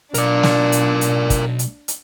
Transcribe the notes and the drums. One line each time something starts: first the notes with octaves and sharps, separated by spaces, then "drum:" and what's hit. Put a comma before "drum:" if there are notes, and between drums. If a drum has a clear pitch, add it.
B1 D4 A#4 D5, drum: hi-hat
drum: snare
drum: hi-hat
drum: hi-hat
drum: kick, hi-hat
drum: hi-hat
drum: hi-hat